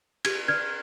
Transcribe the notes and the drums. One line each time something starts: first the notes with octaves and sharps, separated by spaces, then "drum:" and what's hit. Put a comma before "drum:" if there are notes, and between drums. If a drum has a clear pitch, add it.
G4 G#6, drum: cymbal
B4 D5 F6 G#6